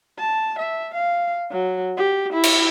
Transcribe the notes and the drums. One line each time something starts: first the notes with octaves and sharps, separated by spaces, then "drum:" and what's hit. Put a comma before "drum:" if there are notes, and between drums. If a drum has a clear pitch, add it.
A5
E5
F5
F#3
G4
E4
drum: cymbal